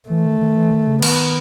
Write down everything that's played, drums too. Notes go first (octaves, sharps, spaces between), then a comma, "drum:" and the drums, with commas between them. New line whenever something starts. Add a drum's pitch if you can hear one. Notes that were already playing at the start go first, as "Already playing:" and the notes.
E3 A3
D#3
D#3
E3
D#3
C#3
D#3 B3, drum: cymbal